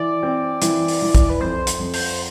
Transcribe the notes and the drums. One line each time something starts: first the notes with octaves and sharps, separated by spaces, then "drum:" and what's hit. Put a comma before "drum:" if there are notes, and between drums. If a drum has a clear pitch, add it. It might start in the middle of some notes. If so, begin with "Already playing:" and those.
Already playing: E3 D5
C4
E3, drum: hi-hat
drum: open hi-hat
E3
drum: kick B1, hi-hat
B4
F2 C5
drum: hi-hat
F2
C5, drum: open hi-hat